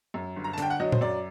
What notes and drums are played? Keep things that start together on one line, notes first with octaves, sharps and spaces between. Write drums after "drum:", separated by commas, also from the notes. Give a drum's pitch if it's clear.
F#2
G1
A#5
A5
D3 G5, drum: hi-hat
F#5
F#3 D#5
C5, drum: tom A#2
F#2 D5